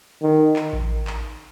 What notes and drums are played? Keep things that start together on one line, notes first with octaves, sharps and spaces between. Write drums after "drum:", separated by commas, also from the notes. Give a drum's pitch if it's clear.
D#3
drum: clap
drum: kick A1
drum: clap